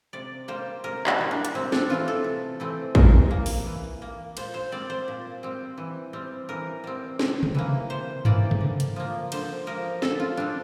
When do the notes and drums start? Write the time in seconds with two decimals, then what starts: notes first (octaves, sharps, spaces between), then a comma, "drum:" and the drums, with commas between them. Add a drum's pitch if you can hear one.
0.13 C3 D5
0.48 G3 A#3 C5
0.84 C3 A#4
1.07 E4, drum: clap
1.18 G3 A#3
1.31 D4
1.45 drum: hi-hat
1.54 C3 C4
1.72 D4, drum: snare
1.89 E3 A3 C4 F4
2.08 A4
2.24 C3
2.60 E3 A3 C4
2.95 E3 A#4, drum: kick
3.31 A#3
3.46 drum: open hi-hat
3.66 E3
4.02 A#3
4.37 A#2 C5, drum: cymbal
4.54 C5
4.72 G3 C4 D5
4.90 C5
5.08 A#2
5.43 G3 C4
5.78 E3
6.13 G3 C4
6.49 E3 A#4
6.84 G3 C4
7.19 C3, drum: snare
7.43 drum: tom C3
7.55 E3 A#3
7.90 C3 C5
8.25 E3 A#3 D5, drum: tom G2
8.51 drum: tom C3
8.61 D3
8.80 drum: hi-hat
8.96 F3 A#3
9.32 D3 C5, drum: cymbal
9.67 F3 A#3 A#4
10.02 D3 A4, drum: snare
10.20 F4
10.37 G3 C4 D4